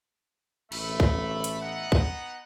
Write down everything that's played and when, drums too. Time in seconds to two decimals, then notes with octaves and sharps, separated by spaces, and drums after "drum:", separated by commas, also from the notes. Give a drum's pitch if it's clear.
0.72 A1 A3 E5 B5, drum: cymbal
1.00 drum: kick
1.44 drum: hi-hat
1.62 B3 D#4 F#5
1.92 drum: kick